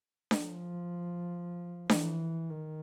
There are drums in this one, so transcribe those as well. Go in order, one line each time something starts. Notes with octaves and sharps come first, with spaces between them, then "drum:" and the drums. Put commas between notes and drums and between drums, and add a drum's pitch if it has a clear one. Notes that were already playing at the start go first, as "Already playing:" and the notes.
drum: snare D4
F3
E3, drum: snare D4
D#3